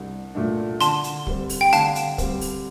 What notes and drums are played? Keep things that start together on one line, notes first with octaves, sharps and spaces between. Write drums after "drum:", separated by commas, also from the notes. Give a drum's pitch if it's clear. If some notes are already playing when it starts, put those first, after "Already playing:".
Already playing: C2 D4
A#2 A3 D4
D3 A5 C6, drum: hi-hat
drum: hi-hat
G3 C4, drum: kick
drum: open hi-hat
G5
D3 F5 A5, drum: hi-hat
drum: hi-hat
G3 C4, drum: kick, hi-hat
drum: open hi-hat